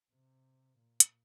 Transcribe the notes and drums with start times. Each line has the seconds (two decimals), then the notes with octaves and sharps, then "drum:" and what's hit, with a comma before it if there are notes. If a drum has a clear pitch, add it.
0.12 C3
0.78 A#2
1.00 drum: hi-hat